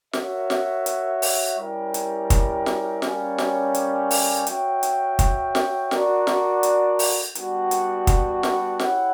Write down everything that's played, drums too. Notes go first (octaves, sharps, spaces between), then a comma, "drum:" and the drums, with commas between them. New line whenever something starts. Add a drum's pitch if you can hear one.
F#4 A#4 C#5 E5, drum: snare
drum: snare
drum: hi-hat
drum: open hi-hat
G3 C#4 E4 G4 A#4
drum: hi-hat
drum: kick, hi-hat
drum: snare
G3 A#3 C#4, drum: snare
drum: snare
drum: hi-hat
drum: open hi-hat
F#4 C#5 E5 G5, drum: hi-hat
drum: hi-hat
drum: kick, hi-hat
drum: snare
D4 F#4 A#4 D5 F#5, drum: snare
drum: snare
drum: hi-hat
drum: open hi-hat
G3 B3 D4 F#4, drum: hi-hat
drum: hi-hat
drum: kick, hi-hat
drum: snare
E4 G4 C#5 F#5, drum: snare